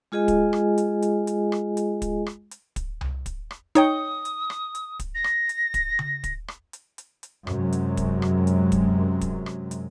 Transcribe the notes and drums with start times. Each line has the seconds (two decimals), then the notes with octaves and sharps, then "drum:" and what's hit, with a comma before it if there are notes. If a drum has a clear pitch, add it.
0.12 G#3 F4 G#4 D#5 G#5
0.28 drum: kick, hi-hat
0.53 drum: rim click
0.78 drum: hi-hat
1.02 drum: hi-hat
1.27 drum: hi-hat
1.52 drum: rim click
1.77 drum: hi-hat
2.02 drum: kick, hi-hat
2.26 drum: rim click
2.51 drum: hi-hat
2.76 drum: kick, hi-hat
3.01 drum: tom C2
3.26 drum: kick, hi-hat
3.51 drum: rim click
3.75 D#4 C#5 G5 D#6, drum: hi-hat
4.25 drum: hi-hat
4.50 drum: rim click
4.75 drum: hi-hat
4.99 drum: kick, hi-hat
5.14 A#6
5.24 drum: rim click
5.49 drum: hi-hat
5.74 drum: kick, hi-hat
5.99 drum: tom C#3
6.24 drum: kick, hi-hat
6.48 drum: rim click
6.73 drum: hi-hat
6.98 drum: hi-hat
7.23 drum: hi-hat
7.47 F#2 C3 F#3 G#3, drum: rim click
7.72 drum: hi-hat
7.97 drum: kick, hi-hat
8.22 drum: rim click
8.47 drum: hi-hat
8.72 drum: kick, hi-hat
9.21 drum: kick, hi-hat
9.46 drum: rim click
9.71 drum: hi-hat